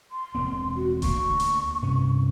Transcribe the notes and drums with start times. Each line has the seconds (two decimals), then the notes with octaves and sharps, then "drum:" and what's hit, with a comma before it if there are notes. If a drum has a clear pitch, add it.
0.12 C6
0.35 E1 B3 C4
0.77 F#4
1.02 D2 A#3 C#6, drum: kick D#1, hi-hat
1.40 drum: hi-hat
1.82 G2 C3 C#4